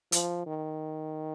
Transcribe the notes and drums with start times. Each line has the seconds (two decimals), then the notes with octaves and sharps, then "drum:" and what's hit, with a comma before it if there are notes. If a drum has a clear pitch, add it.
0.12 F3, drum: hi-hat
0.47 D#3